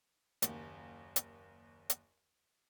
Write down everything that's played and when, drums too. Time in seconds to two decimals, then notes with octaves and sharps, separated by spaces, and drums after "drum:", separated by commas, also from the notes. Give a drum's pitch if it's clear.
0.42 F#1 D#2, drum: hi-hat
1.16 drum: hi-hat
1.90 drum: hi-hat